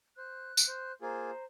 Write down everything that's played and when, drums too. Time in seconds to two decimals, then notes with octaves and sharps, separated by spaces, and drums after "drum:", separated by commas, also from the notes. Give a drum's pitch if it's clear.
0.17 C5 F#6
0.57 drum: tambourine
0.68 C5
1.02 A#3 F4 G#4 C5 A#5